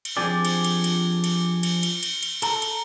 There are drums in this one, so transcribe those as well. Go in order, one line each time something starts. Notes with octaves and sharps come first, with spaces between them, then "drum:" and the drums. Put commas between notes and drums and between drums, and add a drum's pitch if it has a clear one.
drum: cymbal
F3 C4 D4 G4 G#4 D5
drum: cymbal
drum: cymbal
drum: cymbal
drum: cymbal
drum: cymbal
drum: cymbal
drum: cymbal
drum: cymbal
A4 A#5, drum: cymbal
drum: cymbal